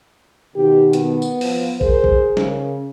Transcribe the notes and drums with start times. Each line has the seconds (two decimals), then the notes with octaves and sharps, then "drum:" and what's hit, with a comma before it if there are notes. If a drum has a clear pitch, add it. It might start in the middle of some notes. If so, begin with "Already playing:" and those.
0.56 B2 D#3 G4
0.93 B3, drum: hi-hat
1.22 drum: tambourine
1.41 F3, drum: open hi-hat
1.81 G#4 A#4 C5, drum: kick
2.04 drum: kick
2.37 C#3, drum: snare